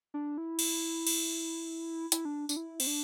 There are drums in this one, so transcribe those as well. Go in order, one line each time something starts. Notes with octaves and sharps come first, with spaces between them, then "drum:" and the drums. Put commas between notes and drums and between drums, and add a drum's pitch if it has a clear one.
D4
E4
drum: cymbal
drum: cymbal
E4, drum: hi-hat
D4
D4, drum: tambourine
E4
C4, drum: cymbal
D4